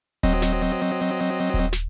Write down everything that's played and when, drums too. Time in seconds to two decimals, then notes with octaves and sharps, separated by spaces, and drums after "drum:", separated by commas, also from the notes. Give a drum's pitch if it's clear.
0.23 F#3 C4 D#5, drum: kick D#1
0.42 drum: snare
1.54 drum: kick D#1
1.73 drum: snare